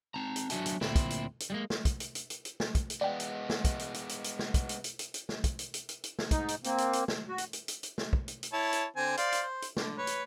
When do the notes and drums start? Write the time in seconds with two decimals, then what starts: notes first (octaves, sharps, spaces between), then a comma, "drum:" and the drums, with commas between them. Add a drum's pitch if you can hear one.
0.14 C4 A5 A#5
0.36 drum: hi-hat
0.50 F#3 D4 F#4 E5 G#5 A5, drum: hi-hat
0.66 drum: hi-hat
0.81 D2 A#2 C4 E4, drum: snare
0.96 drum: kick, hi-hat
1.10 drum: hi-hat
1.40 drum: hi-hat
1.50 G3 G#3 A#3
1.70 drum: snare
1.85 drum: kick, hi-hat
2.00 drum: hi-hat
2.15 drum: hi-hat
2.30 drum: hi-hat
2.45 drum: hi-hat
2.60 drum: snare
2.75 drum: kick, hi-hat
2.90 drum: hi-hat
3.01 G#3 B3 D5 G5
3.20 drum: hi-hat
3.50 drum: snare
3.65 drum: kick, hi-hat
3.79 drum: hi-hat
3.94 drum: hi-hat
4.09 drum: hi-hat
4.24 drum: hi-hat
4.39 drum: snare
4.54 drum: kick, hi-hat
4.69 drum: hi-hat
4.84 drum: hi-hat
4.99 drum: hi-hat
5.14 drum: hi-hat
5.29 drum: snare
5.44 drum: kick, hi-hat
5.59 drum: hi-hat
5.74 drum: hi-hat
5.89 drum: hi-hat
6.04 drum: hi-hat
6.19 drum: snare
6.31 G#2 D#4, drum: kick, hi-hat
6.48 drum: hi-hat
6.64 A#3 C4, drum: hi-hat
6.78 drum: hi-hat
6.93 drum: hi-hat
7.08 drum: snare
7.29 F#4
7.38 drum: hi-hat
7.53 drum: hi-hat
7.68 drum: hi-hat
7.83 drum: hi-hat
7.98 drum: snare
8.13 drum: kick
8.28 drum: hi-hat
8.43 drum: hi-hat
8.53 E4 C#5 A5
8.73 drum: hi-hat
8.96 D3 C4 G#5
9.17 C5 D5 F5, drum: hi-hat
9.32 drum: hi-hat
9.43 C5
9.62 drum: hi-hat
9.77 D3, drum: snare
9.98 B4 C#5
10.07 drum: hi-hat